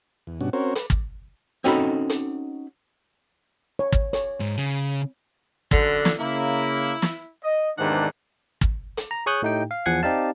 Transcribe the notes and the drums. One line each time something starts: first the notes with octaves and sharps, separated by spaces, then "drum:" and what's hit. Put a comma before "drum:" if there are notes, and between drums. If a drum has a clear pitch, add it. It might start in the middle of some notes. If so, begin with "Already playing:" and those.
E2
G2 B2 C#4 D4 F#4
C4 C#4 F#4 A#4 C5 C#5
B4, drum: hi-hat
drum: kick
C4 C#4 D#4 F#4 A4 B5
drum: hi-hat
C#5
drum: kick
C#5, drum: hi-hat
G#2
C#3
F#2 D3, drum: kick
drum: snare
C#3 A#3 E4
drum: snare
D#5
E2 G#2 C3 D#3 D4 F#5
drum: kick
drum: hi-hat
A#5
G#4 C#5 C#6 D#6 F#6 G6
A2 A3 D#4 G4 G5
F5
E2 F3 F#5 G#5 G#6 C7
C4 D#4 G4 D5 F5 A5